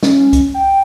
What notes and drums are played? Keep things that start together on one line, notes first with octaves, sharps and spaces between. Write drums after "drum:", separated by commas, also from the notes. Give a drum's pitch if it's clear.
C#4, drum: snare
drum: kick C2, hi-hat
G5